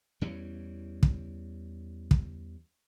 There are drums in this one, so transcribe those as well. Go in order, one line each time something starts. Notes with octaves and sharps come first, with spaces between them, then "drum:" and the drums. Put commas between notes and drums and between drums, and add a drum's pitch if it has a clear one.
E2 E3 G3 C#4
drum: kick
drum: kick